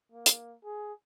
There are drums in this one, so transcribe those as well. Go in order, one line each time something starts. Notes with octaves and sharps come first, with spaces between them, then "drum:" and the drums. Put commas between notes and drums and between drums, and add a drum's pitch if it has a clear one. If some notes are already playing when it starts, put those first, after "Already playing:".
A#3
drum: hi-hat
G#4